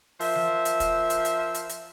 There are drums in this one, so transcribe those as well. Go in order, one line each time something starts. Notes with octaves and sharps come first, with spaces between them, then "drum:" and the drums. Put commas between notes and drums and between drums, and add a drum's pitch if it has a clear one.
F3 A#4 C5 E5, drum: open hi-hat
drum: tom E3
drum: hi-hat
drum: kick, hi-hat
drum: hi-hat
drum: hi-hat
drum: hi-hat
drum: hi-hat